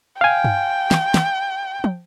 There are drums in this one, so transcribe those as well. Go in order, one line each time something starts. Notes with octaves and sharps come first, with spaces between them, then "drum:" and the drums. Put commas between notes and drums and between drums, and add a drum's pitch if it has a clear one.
F5 G5 G#5
drum: tom G2
drum: snare
drum: snare
drum: tom